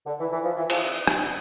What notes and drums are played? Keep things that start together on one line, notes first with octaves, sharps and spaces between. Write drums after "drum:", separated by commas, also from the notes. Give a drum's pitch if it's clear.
D3
E3
E3
F3
E3
F3, drum: cymbal
drum: rim click